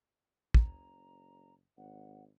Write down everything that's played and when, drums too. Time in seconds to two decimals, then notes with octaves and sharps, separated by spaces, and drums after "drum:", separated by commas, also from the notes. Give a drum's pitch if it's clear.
0.54 F#1 A#5, drum: kick
1.77 G#1 F#5